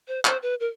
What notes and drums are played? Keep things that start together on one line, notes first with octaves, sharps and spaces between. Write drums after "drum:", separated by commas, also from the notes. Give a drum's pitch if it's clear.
C5
C5, drum: clap
B4
A#4